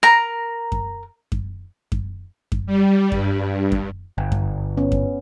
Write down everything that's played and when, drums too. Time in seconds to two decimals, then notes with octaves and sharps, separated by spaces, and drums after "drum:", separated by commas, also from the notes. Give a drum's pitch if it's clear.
0.03 A#4 A#5
0.72 drum: kick F#2
1.32 drum: kick F#2
1.92 drum: kick F#2
2.52 drum: kick F#2
2.66 G3
3.12 G2, drum: kick F#2
3.72 drum: kick F#2
4.18 G1
4.32 drum: kick F#2
4.77 B3 C#4
4.92 drum: kick F#2